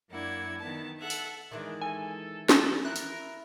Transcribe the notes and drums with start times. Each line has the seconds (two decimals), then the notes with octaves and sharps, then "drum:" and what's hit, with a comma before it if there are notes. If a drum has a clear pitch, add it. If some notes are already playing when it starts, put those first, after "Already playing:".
0.11 F#2 A#3 D4 E4 F#5 G#6
0.59 D#3 B3 A5
1.00 A4 E5 F#5
1.10 drum: open hi-hat
1.51 D#3 E3 G#3 D4
1.82 A4 G#5
2.49 A4, drum: snare
2.85 E4 A#4 F#6
2.96 drum: open hi-hat